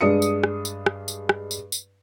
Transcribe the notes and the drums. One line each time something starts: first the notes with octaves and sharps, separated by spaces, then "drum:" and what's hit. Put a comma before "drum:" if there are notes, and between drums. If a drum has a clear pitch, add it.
G2 G#3 D4 D#6 C#7
drum: tambourine
drum: rim click
drum: tambourine
drum: rim click
drum: tambourine
drum: rim click
drum: tambourine
drum: tambourine